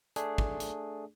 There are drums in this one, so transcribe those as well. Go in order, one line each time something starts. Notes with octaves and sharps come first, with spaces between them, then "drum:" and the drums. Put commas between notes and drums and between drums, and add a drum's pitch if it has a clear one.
A3 D4 G#4, drum: hi-hat
drum: kick
drum: hi-hat